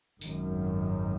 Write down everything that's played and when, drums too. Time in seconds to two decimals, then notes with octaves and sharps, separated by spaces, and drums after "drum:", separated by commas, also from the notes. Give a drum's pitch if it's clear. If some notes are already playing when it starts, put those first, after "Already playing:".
0.21 G#1 F#2 D#3, drum: tambourine